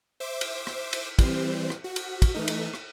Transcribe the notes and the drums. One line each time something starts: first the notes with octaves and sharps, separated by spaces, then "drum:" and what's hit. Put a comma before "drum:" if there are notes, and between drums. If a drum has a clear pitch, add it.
C5 E5 D6
drum: cymbal
drum: rim click
drum: cymbal
E3 G3 C4 C5, drum: kick, cymbal
drum: rim click
F#4
drum: cymbal
drum: kick, cymbal
E3 A3 D#4
drum: cymbal
drum: rim click